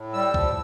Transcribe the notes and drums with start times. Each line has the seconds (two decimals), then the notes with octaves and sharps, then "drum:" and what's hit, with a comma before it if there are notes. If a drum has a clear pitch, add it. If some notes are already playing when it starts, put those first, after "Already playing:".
Already playing: A2
0.13 G3 E6
0.34 F3, drum: kick C2